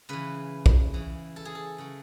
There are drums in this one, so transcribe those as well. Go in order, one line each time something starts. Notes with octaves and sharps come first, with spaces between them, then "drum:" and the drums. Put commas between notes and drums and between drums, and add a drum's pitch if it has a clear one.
C#3 E3 B4
drum: kick
C#3 E3
A4
G#4
A4
C#3 F#3